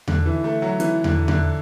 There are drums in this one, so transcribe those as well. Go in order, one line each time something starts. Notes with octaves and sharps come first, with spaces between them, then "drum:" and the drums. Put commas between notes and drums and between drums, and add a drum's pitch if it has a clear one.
D3, drum: tom E2
E3
A3
F#3
E3, drum: hi-hat
D3, drum: tom E2
D3, drum: tom E2